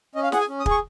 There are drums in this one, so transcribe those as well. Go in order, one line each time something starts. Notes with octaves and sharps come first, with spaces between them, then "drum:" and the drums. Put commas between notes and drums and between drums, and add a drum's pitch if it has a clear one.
C#4 D#5
F5
G#4 F#5, drum: snare
G#5
C#4
D#6
G#4, drum: kick
C#6